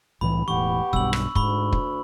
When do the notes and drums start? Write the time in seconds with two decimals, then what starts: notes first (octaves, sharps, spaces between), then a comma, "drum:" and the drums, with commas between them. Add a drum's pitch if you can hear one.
0.21 C2 A2 E3 B5
0.48 E1 A2 E3 B3 G4 C#6
0.93 B1 G2 B2 E6 F#7, drum: kick
1.13 drum: rim click
1.35 D2 G#2 B5 C#6, drum: kick
1.73 drum: kick